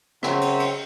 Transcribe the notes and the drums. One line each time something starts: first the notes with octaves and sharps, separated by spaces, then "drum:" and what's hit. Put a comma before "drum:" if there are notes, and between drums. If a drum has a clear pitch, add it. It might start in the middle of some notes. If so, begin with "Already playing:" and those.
C#3 F#3 C4 E5, drum: rim click
drum: cymbal
drum: cymbal